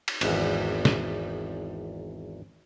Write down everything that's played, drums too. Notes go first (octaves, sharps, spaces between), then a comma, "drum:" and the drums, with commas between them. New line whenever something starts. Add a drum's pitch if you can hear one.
drum: cymbal
G#1 E2, drum: cymbal
drum: snare